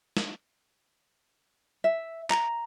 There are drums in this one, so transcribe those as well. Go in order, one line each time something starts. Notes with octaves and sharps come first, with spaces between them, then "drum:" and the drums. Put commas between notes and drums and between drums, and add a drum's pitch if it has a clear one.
drum: snare
E5
A#5, drum: clap